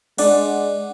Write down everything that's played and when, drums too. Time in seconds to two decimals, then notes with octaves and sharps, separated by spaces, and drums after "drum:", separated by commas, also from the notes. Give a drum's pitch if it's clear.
0.18 G#3 D4 D5 F#5, drum: cymbal